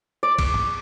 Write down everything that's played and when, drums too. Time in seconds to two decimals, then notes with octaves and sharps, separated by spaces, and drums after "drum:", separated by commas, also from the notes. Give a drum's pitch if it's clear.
0.23 D5
0.39 drum: kick, cymbal
0.54 drum: tom